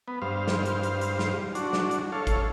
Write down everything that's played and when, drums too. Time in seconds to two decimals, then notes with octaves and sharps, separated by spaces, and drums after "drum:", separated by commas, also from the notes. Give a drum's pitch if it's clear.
0.08 B3
0.22 G2 C5 F5
0.48 drum: snare
0.65 drum: hi-hat
0.83 drum: hi-hat
1.01 drum: hi-hat
1.19 drum: snare
1.55 D4 F#4, drum: hi-hat
1.73 drum: snare
1.91 drum: hi-hat
2.12 A4 C#5 F5
2.27 drum: kick G#1, hi-hat